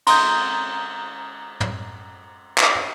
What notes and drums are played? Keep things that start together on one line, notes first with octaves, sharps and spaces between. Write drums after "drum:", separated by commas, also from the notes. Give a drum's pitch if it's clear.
A#5 C6 D#6 G6, drum: cymbal
drum: tom
drum: clap